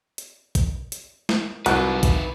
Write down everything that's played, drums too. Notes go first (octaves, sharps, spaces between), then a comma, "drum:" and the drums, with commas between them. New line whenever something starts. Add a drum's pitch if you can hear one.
drum: hi-hat
drum: kick, hi-hat
drum: hi-hat
drum: snare
C2 D#3 F#3 B4, drum: hi-hat
drum: kick, hi-hat